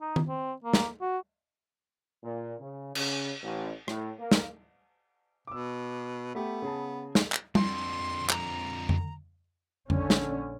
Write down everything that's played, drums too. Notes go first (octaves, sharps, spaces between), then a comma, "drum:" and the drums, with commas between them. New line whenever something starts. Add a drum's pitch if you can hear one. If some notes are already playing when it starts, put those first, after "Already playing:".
D#4
drum: tom D#3
C4
A#3
drum: snare
F#4
A#2
C#3
C#3, drum: cymbal
A1
A2, drum: rim click
A#3
drum: snare
B2 D6 E6
A3 B3 G4
C#3 G#4 A5
drum: snare
drum: clap
F2 D3 C6, drum: tom G3
A#5, drum: clap
drum: tom F2
A#1 D3 C#4, drum: tom F2
drum: snare